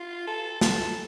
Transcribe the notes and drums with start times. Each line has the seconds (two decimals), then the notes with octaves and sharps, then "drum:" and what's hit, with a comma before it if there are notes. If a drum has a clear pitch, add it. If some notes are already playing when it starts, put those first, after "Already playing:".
Already playing: F4
0.27 A4
0.61 A4, drum: snare